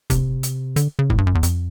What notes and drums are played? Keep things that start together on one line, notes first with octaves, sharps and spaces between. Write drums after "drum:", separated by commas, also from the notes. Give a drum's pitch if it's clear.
C3, drum: kick, hi-hat
drum: hi-hat
D3, drum: hi-hat
C#3
A2, drum: kick
G2
F#2
E2
F2, drum: hi-hat